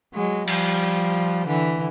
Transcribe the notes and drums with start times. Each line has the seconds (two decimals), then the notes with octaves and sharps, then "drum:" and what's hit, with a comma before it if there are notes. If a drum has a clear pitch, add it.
0.14 F#3 G#3
0.47 F3 G3, drum: cymbal
1.47 D3 E3